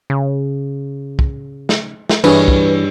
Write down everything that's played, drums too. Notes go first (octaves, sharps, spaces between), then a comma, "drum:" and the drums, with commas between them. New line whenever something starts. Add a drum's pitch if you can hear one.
C#3
drum: kick
drum: snare
drum: snare
G2 E3 G#4 B4 C#5, drum: cymbal
drum: kick